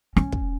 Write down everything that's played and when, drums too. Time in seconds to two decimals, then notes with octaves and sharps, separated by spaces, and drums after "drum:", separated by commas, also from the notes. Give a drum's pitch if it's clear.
0.17 C#4, drum: rim click
0.32 drum: kick